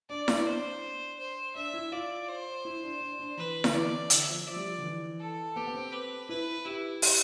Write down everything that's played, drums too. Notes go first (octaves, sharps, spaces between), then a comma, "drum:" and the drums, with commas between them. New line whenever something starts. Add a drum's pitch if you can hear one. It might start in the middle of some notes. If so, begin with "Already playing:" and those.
D4 D5
D4, drum: snare E4
D4 C5
C5
D4 E5
E4
F4 D5
C5
E4
D4
D4
D4
E3 B4
D3, drum: snare E4
E3 D5
D3 E5, drum: hi-hat
F3
F3 D5
G3
F3
D3
E3
A4
B3 G4
B3
C4
B4
E4 B4
E4 G4
G4, drum: open hi-hat